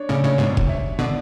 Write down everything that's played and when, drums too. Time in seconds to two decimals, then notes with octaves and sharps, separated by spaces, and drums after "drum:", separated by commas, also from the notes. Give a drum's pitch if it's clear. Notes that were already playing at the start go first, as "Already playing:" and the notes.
Already playing: D4 C#5
0.09 A2 C#3 D5
0.24 A2 C#3 C#5
0.38 G#2 B2 C#5
0.57 drum: kick
0.69 E5
0.99 B2 D3 D5